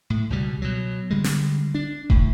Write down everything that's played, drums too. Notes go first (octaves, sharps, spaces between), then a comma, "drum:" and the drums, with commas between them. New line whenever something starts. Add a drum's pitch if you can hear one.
A2
C#2 B2 G3
B2 F#3
D3 G3 G#3
drum: snare
D4
C#2 A2, drum: kick D#1